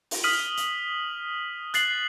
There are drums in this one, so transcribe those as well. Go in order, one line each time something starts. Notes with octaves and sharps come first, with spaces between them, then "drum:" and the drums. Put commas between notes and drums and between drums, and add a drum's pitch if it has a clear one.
drum: open hi-hat
D#6 F6 B6 D#7 F#7
drum: hi-hat
F#6 A6 C7 F#7, drum: hi-hat